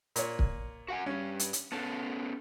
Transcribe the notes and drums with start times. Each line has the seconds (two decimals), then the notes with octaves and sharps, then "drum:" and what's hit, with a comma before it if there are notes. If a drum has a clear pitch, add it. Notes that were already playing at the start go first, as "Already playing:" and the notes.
0.16 A#2 C#5, drum: hi-hat
0.39 drum: kick
0.88 F#4 F#5 G#5
1.06 G2 G3 C#4
1.39 drum: hi-hat
1.53 drum: hi-hat
1.72 B3 C#4 A4 A5